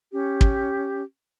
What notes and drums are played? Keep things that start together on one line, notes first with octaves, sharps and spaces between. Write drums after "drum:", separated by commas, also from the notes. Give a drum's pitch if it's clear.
C#4 G4
drum: kick